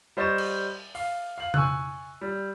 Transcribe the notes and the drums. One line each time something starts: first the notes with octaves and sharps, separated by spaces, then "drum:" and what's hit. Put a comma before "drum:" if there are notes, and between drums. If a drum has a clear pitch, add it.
G3 C5 D#5 C#6 A6 E7
drum: cymbal
F5, drum: open hi-hat
F5 F#7
G#5 C#6 E6 F#6, drum: tom C#3
G3